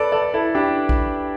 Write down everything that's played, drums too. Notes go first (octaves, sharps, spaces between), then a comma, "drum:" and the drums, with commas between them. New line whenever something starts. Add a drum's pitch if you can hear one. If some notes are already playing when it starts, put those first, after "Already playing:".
Already playing: A4 B4 D5
A4 D5
E4 A4
D4 G4
drum: kick A#1